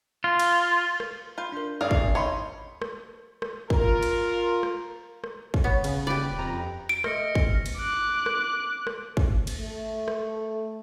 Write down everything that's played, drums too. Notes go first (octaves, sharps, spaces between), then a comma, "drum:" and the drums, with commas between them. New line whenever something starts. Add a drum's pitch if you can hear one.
F4
drum: cymbal
drum: rim click
F4 B5 C6 G6
D4 A#4
G#1 G#4 D5 F5
drum: kick
D#4 C#5 B5 C6
drum: rim click
drum: rim click
F4 A#4, drum: kick
drum: cymbal
drum: rim click
drum: rim click
drum: kick
B3 C#5
C#3, drum: cymbal
D#1 G4 B4 D5
F2 A#5
D7
A3 D#5 E5 F6 A#6 C#7, drum: rim click
drum: kick
drum: cymbal
D6 F#6
drum: rim click
drum: rim click
drum: kick
drum: cymbal
A3
drum: rim click